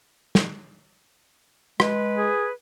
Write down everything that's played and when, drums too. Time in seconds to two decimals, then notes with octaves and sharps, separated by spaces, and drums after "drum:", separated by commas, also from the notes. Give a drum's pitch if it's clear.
0.35 drum: snare
1.80 G#3 B4, drum: rim click
2.17 G#4